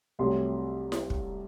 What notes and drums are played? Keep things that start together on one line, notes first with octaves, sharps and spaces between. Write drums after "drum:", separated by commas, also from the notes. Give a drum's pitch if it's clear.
C2 C3 F#3 A3 C6
drum: snare E4
drum: kick